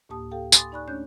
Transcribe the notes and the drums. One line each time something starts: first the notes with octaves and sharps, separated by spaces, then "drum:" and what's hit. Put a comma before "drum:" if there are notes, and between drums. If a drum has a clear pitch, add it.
D2 A2 A#3 G4 A5 D#6
G4 A4 F5 G5
G#5 B5 C6 D6 D#6 A6, drum: tambourine
D#4 D5 G#5 B5 C#6 F#6
A3 C#4 D4 C#5 F#6 G6